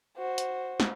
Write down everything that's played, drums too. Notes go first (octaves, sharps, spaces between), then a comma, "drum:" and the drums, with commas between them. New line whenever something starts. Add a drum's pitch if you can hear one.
F#4 C5
drum: hi-hat
drum: snare